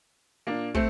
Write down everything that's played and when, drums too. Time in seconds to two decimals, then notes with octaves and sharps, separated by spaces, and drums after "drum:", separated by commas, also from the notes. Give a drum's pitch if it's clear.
0.47 A#2 A#3 D4
0.74 A3 C4, drum: kick